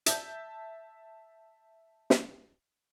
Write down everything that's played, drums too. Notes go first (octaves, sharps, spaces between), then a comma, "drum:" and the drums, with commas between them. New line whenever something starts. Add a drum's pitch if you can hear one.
E5 A5 G6, drum: hi-hat
drum: snare